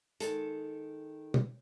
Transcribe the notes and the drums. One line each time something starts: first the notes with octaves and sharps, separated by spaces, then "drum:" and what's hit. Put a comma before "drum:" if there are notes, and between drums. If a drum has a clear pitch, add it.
D#3 G#3 A4, drum: hi-hat
drum: tom